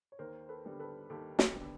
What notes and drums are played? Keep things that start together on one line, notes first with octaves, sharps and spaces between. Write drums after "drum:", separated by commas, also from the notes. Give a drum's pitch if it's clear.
C#5
D#2 A#4 C5
A4 B4
D3 G3 B3
A4 B4
D#2 G4 A4
drum: snare
D3 G3 B3